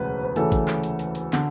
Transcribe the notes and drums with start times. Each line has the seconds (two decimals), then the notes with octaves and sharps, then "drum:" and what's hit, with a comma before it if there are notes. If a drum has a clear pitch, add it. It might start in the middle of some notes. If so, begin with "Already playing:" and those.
Already playing: E1 D2 C#3 B4
0.25 B4
0.36 D2 C#3 E3 A4, drum: hi-hat
0.52 drum: kick A1, hi-hat
0.68 drum: clap
0.83 drum: hi-hat
0.99 drum: hi-hat
1.15 drum: hi-hat
1.33 D3, drum: clap